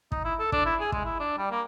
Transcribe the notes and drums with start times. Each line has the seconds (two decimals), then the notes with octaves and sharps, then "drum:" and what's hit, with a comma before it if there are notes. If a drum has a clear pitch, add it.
0.12 D#4, drum: kick
0.25 E4
0.39 A4
0.52 D4, drum: kick
0.66 E4
0.80 G#4
0.92 G#3, drum: kick
1.05 E4
1.20 D4
1.38 G3
1.51 A#3